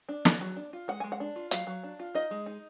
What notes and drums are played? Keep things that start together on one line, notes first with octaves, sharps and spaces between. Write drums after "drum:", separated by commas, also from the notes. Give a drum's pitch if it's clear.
D4
F#3, drum: snare
F#3
D4
F4
G#3 F#5
G#3 G#5
F#5
D4
F4
F#3 F5, drum: hi-hat
F#3
D4
F4
D#4 D#5
G#3
D#4